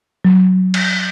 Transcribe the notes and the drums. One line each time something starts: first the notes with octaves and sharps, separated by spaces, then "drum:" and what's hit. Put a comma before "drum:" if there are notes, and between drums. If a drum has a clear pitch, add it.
F#3
drum: cymbal